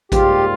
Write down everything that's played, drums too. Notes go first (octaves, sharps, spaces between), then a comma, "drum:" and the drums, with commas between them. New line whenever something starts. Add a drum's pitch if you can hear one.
G#2 G3 A#3 F4 G4, drum: kick A1, hi-hat